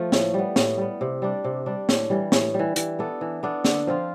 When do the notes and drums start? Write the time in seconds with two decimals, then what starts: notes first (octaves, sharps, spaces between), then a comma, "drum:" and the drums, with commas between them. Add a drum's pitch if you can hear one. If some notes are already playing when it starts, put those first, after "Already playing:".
Already playing: F3 A3
0.12 A2, drum: snare
0.34 G3 B3
0.56 A2, drum: snare
0.78 G3 B3
1.01 C3
1.22 G3 D4
1.44 C3
1.66 G3 D4
1.89 A2, drum: snare
2.10 E3 G3
2.32 A2, drum: snare
2.54 E3 G3
2.76 E3, drum: hi-hat
2.99 B3 D4 A4
3.21 E3
3.43 B3 D4 A4
3.64 D3, drum: snare
3.87 F3 C4 F4